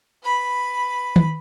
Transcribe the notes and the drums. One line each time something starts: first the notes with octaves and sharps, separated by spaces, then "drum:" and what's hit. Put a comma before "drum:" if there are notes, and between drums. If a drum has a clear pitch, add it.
B4 B5
drum: tom D#3